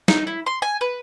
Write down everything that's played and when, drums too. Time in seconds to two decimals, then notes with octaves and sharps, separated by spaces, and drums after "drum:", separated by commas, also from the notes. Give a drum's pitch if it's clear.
0.08 D#4, drum: snare
0.27 E4
0.46 C6
0.62 G#5
0.81 B4